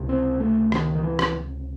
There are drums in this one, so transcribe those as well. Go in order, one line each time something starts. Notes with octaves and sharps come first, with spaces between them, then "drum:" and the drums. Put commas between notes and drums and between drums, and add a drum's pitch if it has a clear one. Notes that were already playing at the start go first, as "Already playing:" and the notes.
Already playing: C#2 C3
C4
A3
D#3, drum: rim click
D#3
E3
drum: rim click